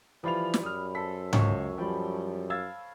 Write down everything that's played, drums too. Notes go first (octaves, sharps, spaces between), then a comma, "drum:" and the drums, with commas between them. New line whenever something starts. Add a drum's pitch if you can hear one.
E3 F3 G3 F4 B5 F7
drum: snare
F#2 D#6 F6
A4 C5 B6
C#2 C#5 C#6, drum: tom G#2
F3 G3 G5 B5
F5 E6 G#6 A6